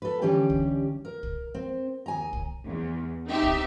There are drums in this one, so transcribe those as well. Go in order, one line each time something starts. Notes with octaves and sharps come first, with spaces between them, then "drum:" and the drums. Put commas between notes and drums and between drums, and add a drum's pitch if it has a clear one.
A4 B4
D3 E3 G3 C#4 G4
drum: kick C2
A#4
drum: kick C2
C4
D#2 G#5 A#5
drum: kick C2
E2
C4 D#4 G4 E5
drum: kick C2